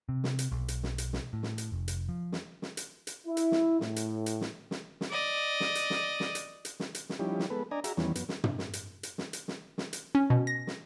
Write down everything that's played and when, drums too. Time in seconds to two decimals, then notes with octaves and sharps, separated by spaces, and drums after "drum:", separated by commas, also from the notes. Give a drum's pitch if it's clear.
0.09 C3
0.24 drum: snare
0.39 drum: hi-hat
0.52 B1
0.68 drum: hi-hat
0.83 drum: snare
0.98 drum: hi-hat
1.13 drum: snare
1.33 A2
1.43 drum: snare
1.58 drum: hi-hat
1.72 F1
1.88 drum: hi-hat
2.09 F3
2.32 drum: snare
2.62 drum: snare
2.77 drum: hi-hat
3.07 drum: hi-hat
3.27 E4
3.37 drum: hi-hat
3.52 drum: snare
3.81 A2, drum: snare
3.96 drum: hi-hat
4.26 drum: hi-hat
4.41 drum: snare
4.71 drum: snare
5.01 drum: snare
5.10 D5 D#5
5.60 drum: snare
5.75 drum: hi-hat
5.90 drum: snare
6.20 drum: snare
6.35 drum: hi-hat
6.65 drum: hi-hat
6.80 drum: snare
6.95 drum: hi-hat
7.09 drum: snare
7.19 F3 G3 C#4 D#4 E4 G4
7.39 drum: snare
7.50 G#3 B3 A4 B4
7.71 D4 D5 D#5 G#5 A#5
7.84 F#4 G#4 E5 A#5, drum: hi-hat
7.97 E2 D#3 E3 G3 B3 C#4, drum: snare
8.15 F#2 B3, drum: hi-hat
8.29 drum: snare
8.44 drum: tom
8.59 drum: snare
8.73 drum: hi-hat
9.03 drum: hi-hat
9.18 drum: snare
9.33 drum: hi-hat
9.48 drum: snare
9.78 drum: snare
9.93 drum: hi-hat
10.15 C#4
10.30 B2
10.47 A#6
10.67 drum: snare